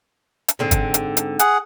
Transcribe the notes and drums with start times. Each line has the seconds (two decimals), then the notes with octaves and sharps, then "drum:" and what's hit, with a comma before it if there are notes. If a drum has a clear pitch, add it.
0.48 drum: hi-hat
0.59 G#2 D3 C4
0.71 drum: kick, hi-hat
0.94 drum: hi-hat
1.17 drum: hi-hat
1.39 G#4 F#5, drum: hi-hat